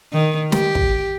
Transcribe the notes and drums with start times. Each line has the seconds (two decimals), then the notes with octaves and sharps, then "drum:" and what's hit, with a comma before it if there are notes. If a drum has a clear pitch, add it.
0.13 D#3
0.52 G4, drum: snare
0.75 drum: kick